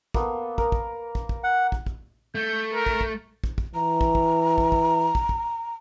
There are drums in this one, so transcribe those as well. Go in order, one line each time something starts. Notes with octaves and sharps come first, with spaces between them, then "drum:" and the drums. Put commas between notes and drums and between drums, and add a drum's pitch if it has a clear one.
A#3 B3 A4, drum: kick
A#4, drum: kick
drum: kick
drum: kick
drum: kick
F#5
drum: kick
drum: kick
A3 G6
A#4
drum: kick
drum: kick
drum: kick
drum: kick
E3 A#5
drum: kick
drum: kick
drum: kick
drum: kick
drum: kick
drum: kick